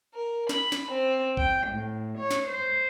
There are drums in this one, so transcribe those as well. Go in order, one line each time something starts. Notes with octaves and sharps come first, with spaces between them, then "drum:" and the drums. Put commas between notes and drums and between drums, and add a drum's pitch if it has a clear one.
A#4
B5, drum: snare
drum: snare
C4
G5, drum: kick A#1
A2
C#5
drum: snare
C5